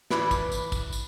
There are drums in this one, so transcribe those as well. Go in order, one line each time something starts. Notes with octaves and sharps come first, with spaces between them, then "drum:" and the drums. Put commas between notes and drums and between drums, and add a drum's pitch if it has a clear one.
A2 E3 B4 D5, drum: snare
drum: kick, tambourine
drum: tambourine
drum: kick, tambourine
drum: tambourine